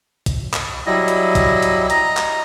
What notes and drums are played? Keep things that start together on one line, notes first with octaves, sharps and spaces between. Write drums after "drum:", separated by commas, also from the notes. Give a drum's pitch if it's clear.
drum: kick, hi-hat
drum: clap
F#3 G3 E4 D#5
drum: hi-hat
drum: kick, hi-hat
drum: hi-hat
D#5 A#5, drum: hi-hat
drum: clap